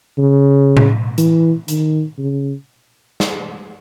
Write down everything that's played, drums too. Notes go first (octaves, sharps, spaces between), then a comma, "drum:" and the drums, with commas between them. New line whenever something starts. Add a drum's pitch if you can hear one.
C#3
drum: tom A2
E3, drum: hi-hat
D#3, drum: hi-hat
C#3
drum: snare